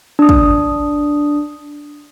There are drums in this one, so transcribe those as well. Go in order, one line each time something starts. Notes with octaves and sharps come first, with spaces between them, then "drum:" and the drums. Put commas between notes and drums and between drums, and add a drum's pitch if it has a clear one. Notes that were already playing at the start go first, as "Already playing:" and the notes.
D4 D#6
drum: kick